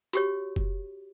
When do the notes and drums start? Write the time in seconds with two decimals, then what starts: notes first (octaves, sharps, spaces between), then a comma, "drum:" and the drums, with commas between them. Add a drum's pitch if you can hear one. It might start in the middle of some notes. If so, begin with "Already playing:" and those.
0.13 F#4 G4 C#5, drum: hi-hat
0.56 drum: kick F1